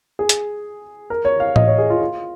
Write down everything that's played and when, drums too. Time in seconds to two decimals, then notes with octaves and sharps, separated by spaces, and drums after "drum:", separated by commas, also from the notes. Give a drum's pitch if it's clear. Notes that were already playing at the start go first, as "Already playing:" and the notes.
0.19 G#4
0.29 drum: hi-hat
1.10 A#4
1.25 C#5
1.40 F5
1.56 D#5, drum: tom A2
1.67 C#5
1.78 G#4
1.90 F4
2.01 F4